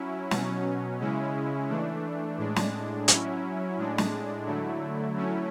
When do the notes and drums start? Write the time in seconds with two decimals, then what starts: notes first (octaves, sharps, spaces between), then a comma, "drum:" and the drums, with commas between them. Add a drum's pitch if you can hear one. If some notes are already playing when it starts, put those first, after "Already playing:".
Already playing: F#3 C#4 E4
0.31 B2 F#3 C#4, drum: snare
1.00 C#3 G#3 C#4 E4
1.69 E3 A3 D4
2.38 A2 G#3 D4
2.56 drum: snare
3.08 F#3 C#4 E4, drum: hi-hat
3.77 A2 G#3 D4
3.98 drum: snare
4.46 D3 F#3 A3 E4
5.15 F#3 A3 C#4 E4